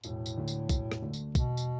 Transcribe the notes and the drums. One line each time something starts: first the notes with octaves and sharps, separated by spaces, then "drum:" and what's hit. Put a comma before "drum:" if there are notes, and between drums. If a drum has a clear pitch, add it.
E1 A2, drum: tambourine
drum: tambourine
D2 D3 A3
drum: tambourine
E1, drum: kick, tambourine
drum: rim click
D2 D3 A3
drum: tambourine
E1 B2, drum: kick, tambourine
drum: tambourine